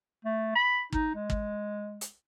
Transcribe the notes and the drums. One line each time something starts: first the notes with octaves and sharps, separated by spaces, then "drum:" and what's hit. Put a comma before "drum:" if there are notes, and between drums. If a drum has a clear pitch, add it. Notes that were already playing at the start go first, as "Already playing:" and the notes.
A3
B5
D#4, drum: kick
G#3
drum: kick
drum: hi-hat